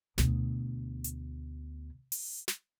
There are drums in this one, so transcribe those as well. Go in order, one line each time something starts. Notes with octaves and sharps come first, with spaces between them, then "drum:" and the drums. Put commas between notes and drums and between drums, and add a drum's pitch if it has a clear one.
D2 B2, drum: snare
drum: hi-hat
drum: open hi-hat
drum: snare